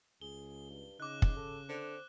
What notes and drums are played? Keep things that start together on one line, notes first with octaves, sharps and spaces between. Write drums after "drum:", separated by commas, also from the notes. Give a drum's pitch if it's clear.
C#2 G#4 G7
G2
C#3 D#4 D6 F#6
drum: kick
A4
D3 C4